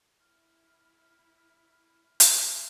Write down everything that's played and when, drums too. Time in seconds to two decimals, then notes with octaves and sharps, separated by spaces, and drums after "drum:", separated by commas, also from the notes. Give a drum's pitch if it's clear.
0.20 E4 F6
2.20 drum: hi-hat